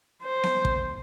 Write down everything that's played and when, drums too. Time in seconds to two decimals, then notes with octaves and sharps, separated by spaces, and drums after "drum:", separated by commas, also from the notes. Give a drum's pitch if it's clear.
0.22 C5
0.43 drum: snare B3
0.65 drum: kick